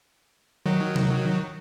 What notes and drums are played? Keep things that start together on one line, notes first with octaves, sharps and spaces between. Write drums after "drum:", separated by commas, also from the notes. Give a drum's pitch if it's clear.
D#3 F#3
drum: tom C3